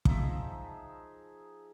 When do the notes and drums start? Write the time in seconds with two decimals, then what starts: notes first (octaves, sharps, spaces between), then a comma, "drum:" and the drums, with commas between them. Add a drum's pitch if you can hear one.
0.05 F3 D#4 G#4 E5, drum: kick